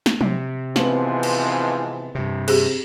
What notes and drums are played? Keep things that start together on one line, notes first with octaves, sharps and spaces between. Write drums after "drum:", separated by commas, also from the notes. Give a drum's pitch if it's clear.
drum: snare
C3, drum: tom F3
G#2 E3 F3 B3 C4 F#7, drum: snare
drum: cymbal
G2 C3
C4 G4 G#4, drum: cymbal